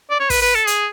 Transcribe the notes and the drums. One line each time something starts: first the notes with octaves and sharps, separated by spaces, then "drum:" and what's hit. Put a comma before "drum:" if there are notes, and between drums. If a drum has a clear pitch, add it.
D5
C#5
B4, drum: kick, open hi-hat
B4
A4
G#4, drum: hi-hat